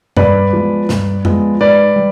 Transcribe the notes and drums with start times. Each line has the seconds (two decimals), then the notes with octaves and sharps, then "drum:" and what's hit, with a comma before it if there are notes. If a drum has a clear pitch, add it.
0.17 G2 B4 D5, drum: tom F2
0.53 F3 G#3 B3
0.89 G2, drum: snare
1.25 F3 G#3 B3, drum: tom F2
1.60 G#2 B4 D5
1.96 G3